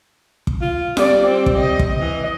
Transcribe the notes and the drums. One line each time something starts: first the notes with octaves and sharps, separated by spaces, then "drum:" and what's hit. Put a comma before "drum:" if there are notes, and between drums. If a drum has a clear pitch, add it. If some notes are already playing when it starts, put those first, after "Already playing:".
drum: kick
F4
G3 D5, drum: snare F4
C4
drum: kick
D#5
drum: kick
E3 D#5